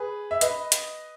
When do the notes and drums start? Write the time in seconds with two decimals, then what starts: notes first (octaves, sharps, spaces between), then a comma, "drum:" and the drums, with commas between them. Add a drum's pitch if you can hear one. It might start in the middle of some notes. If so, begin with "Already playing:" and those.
Already playing: G#4 B4
0.31 E5
0.41 B4 D#5, drum: hi-hat
0.72 drum: hi-hat